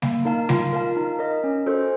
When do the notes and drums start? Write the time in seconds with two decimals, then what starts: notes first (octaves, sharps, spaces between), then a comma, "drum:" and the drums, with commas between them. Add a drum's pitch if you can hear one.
0.02 A#3, drum: snare
0.25 D#4 A#4 F5 A5
0.49 F4, drum: snare
0.73 A#4 F5 A5
0.96 D#4
1.19 A#4 D#5
1.44 C#4
1.66 F#4 A4 C5